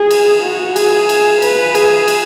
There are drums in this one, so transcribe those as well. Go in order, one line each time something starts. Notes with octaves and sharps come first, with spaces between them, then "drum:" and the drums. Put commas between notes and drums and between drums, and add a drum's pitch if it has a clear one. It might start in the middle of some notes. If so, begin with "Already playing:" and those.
Already playing: G#4
drum: cymbal
F#4
G#4, drum: cymbal
drum: cymbal
B4, drum: cymbal
G#4, drum: cymbal
drum: cymbal